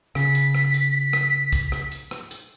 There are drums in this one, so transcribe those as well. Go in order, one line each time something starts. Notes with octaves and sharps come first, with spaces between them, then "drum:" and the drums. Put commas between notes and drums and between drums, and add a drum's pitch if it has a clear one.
C#3 B6, drum: rim click
drum: hi-hat
drum: rim click
drum: hi-hat
drum: rim click
drum: kick, hi-hat
drum: rim click
drum: hi-hat
drum: rim click
drum: hi-hat